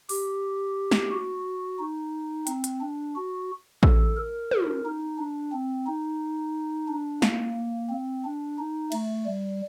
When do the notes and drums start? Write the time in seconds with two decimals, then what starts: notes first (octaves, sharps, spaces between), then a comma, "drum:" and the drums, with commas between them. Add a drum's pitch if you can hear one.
0.09 G4, drum: open hi-hat
0.91 drum: snare
1.11 F#4
1.79 D#4
2.47 C4, drum: hi-hat
2.64 drum: hi-hat
2.81 D4
3.15 F#4
3.83 A4, drum: kick
4.17 A#4
4.51 drum: tom
4.85 D#4
5.18 D4
5.52 C4
5.86 D#4
6.88 D4
7.22 A#3, drum: snare
7.90 C4
8.25 D4
8.58 D#4
8.92 A3, drum: cymbal
9.26 G3